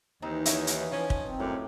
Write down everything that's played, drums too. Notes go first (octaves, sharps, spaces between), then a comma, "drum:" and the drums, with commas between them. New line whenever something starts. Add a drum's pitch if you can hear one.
D#2 E3 C4 D#4
E4 F#4 C#5 D#5, drum: hi-hat
drum: hi-hat
F3 C#4
drum: kick
C4
F#2 A2 G5 D6